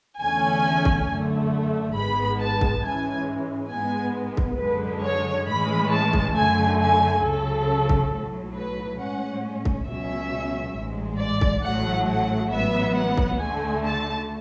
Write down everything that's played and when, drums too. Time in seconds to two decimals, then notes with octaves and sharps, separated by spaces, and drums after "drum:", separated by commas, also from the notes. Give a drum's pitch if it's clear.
0.19 E2 D3 A3 C#4 G#5
0.85 drum: kick C2
1.07 F#2 D3 A3
1.95 G#1 G#2 G#3 B3 B5
2.39 A5
2.61 drum: kick C2
2.83 G#2 E3 G#3 C#4 G#5
3.71 G#2 G#3 B3 G#5
4.37 drum: kick C2
4.59 F#2 D3 G#3 B4
5.03 C#5
5.47 A2 E3 G#3 C#4 B5
5.91 A5
6.13 drum: kick C2
6.35 F#2 D3 A3 G#5
6.79 G#5
7.23 C#2 C#3 F#3 A4
7.89 drum: kick C2
8.11 B1 A2 F#3
8.55 B4
8.99 A2 G#3 C#4 F#5
9.65 drum: kick C2
9.87 C#2 B2 F#3 C#4 E5
10.75 A1 G#2 G#3
11.19 D5
11.41 drum: kick C2
11.63 A1 A2 F#3 A3 F#5
12.07 F#5
12.51 A1 G#2 F#3 B3 E5
12.95 F#5
13.17 drum: kick C2
13.40 D2 D3 A3 G#5
13.83 A5